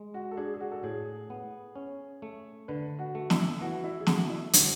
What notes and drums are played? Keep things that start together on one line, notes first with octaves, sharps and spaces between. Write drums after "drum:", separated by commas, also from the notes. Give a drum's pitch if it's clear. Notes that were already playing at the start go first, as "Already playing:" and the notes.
Already playing: G#3
F#4
A4
D4 G#4
G#4
F#4
A4
A2 G#4
B3
C#4
A3
D3 B4
F#4
A3
E4, drum: snare
E3 F#4
E4
G#4
A3 F#4, drum: snare
E4
D3 F#4, drum: hi-hat